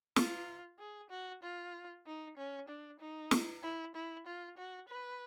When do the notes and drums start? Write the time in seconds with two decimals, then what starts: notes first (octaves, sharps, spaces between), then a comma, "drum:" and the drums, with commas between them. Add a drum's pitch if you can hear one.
0.16 F4, drum: snare
0.79 G#4
1.10 F#4
1.43 F4
2.06 D#4
2.37 C#4
2.68 D4
3.00 D#4
3.31 drum: snare
3.62 E4
3.95 E4
4.26 F4
4.57 F#4
4.88 B4